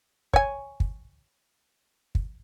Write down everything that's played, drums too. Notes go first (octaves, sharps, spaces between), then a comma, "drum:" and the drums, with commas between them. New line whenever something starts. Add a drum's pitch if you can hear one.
C#5 G#5, drum: kick
drum: kick
drum: kick